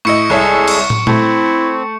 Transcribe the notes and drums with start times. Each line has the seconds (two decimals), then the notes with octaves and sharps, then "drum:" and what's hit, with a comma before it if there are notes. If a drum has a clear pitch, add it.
0.05 A2 E4 D#5 C#6 C#7
0.30 C2 G#3 G#4 A4 C#5 E5
0.68 drum: cymbal
0.90 drum: tom
1.07 A3 C4 E4, drum: tom A#2